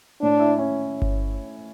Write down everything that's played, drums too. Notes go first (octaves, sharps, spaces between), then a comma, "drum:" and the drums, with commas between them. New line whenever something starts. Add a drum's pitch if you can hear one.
A2 D4
E4
C#4
drum: kick G1